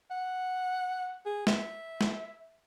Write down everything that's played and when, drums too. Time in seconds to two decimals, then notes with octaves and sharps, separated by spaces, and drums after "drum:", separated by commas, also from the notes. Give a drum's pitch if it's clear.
0.10 F#5
1.25 G#4
1.47 E5, drum: snare
2.01 drum: snare